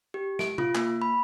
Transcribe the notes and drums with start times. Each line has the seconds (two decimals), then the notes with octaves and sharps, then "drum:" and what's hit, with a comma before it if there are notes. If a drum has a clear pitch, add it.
0.14 G4
0.39 D7, drum: snare
0.58 F4, drum: tom C3
0.75 A#3, drum: clap
1.02 B5